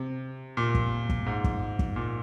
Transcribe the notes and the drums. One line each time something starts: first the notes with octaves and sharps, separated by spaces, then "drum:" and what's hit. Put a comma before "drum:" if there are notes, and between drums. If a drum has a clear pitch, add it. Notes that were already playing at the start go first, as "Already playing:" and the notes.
Already playing: C3
A#2
drum: kick
drum: kick
G#2
drum: kick
drum: kick
A#2